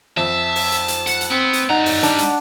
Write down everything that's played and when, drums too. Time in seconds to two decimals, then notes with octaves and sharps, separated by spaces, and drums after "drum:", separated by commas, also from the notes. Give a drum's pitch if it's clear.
0.17 F2 E5 A5
0.56 drum: open hi-hat
0.72 drum: hi-hat
0.88 drum: hi-hat
1.07 F#5, drum: hi-hat
1.21 drum: hi-hat
1.31 B3 C4
1.53 drum: hi-hat
1.70 G3 D#4 F#5 A#5
1.86 drum: open hi-hat
2.03 D4, drum: hi-hat
2.18 drum: hi-hat